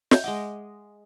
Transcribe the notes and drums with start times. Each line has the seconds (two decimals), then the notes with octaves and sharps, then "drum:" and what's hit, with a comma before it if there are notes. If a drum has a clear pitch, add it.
0.11 D#5 E5 G6, drum: snare
0.24 G#3 D#5 F#5 D6